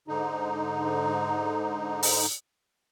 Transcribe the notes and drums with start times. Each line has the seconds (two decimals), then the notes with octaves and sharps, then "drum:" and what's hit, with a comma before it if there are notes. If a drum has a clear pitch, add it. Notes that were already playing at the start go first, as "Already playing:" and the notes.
0.08 G#2 D3 D#4
2.03 drum: open hi-hat